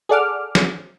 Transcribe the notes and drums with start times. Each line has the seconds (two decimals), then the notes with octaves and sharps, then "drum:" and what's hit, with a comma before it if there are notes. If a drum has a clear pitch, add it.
0.09 G#4 A4 D5 F#5 D6 F6
0.55 drum: snare